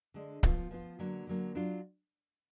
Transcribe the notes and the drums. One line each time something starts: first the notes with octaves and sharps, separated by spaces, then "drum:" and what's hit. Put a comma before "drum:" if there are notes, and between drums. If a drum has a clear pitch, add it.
D3 G#3 D4
F3 B3 F4, drum: kick C#1
F3 B3 F4
D3 F#3 A#3
D3 F#3 A#3
F#3 D4 F4